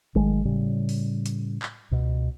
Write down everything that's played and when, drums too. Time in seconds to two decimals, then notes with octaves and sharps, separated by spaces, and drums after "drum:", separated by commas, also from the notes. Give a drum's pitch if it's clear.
0.15 D#3 F#3 G#3 A3, drum: kick G#1
0.45 A2 C#3 G3
0.89 drum: open hi-hat
1.26 drum: hi-hat
1.62 drum: clap
1.91 C#2 B2